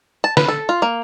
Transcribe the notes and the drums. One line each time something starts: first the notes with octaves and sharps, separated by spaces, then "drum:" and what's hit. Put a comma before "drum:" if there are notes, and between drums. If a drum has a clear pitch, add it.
A5
B4, drum: snare
A4
F4
A#3